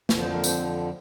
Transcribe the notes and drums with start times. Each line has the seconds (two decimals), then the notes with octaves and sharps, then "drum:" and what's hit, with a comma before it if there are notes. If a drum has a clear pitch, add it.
0.09 F2 D3 F3, drum: snare
0.21 C5
0.33 A#4
0.44 C4 C5, drum: tambourine